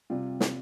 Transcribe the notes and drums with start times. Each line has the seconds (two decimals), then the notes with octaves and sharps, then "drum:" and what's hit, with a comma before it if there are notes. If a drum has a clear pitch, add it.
0.10 C3 G3 F4
0.40 drum: snare